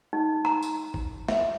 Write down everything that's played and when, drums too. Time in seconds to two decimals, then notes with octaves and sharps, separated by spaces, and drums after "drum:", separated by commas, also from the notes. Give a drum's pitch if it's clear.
0.13 D#4
0.45 A#5, drum: rim click
0.63 drum: tambourine
0.94 drum: kick G#1
1.29 E5, drum: snare